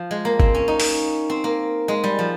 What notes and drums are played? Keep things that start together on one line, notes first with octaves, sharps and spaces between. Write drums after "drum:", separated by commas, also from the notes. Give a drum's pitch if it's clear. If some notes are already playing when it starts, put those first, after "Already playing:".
Already playing: F3
G#3
A#3
C4, drum: kick G#1
C#4
D#4
C#4, drum: open hi-hat
C4
A#3
G#3
G3
F3